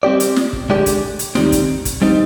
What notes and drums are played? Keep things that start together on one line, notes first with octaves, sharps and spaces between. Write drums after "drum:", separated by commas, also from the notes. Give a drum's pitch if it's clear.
G3 C4 G4 D5
drum: hi-hat
drum: snare
drum: kick
D3 G#3 D4 G4 D5
drum: kick, hi-hat
drum: hi-hat
D#2 D#3 G3 C4, drum: snare
drum: kick, hi-hat
drum: kick, hi-hat
G3 C4 D#4